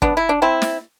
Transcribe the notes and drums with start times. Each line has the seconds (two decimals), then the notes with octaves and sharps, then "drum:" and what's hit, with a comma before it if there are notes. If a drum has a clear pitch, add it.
0.02 B3 D4, drum: kick
0.17 E4
0.29 D4
0.42 C4 E4
0.62 drum: snare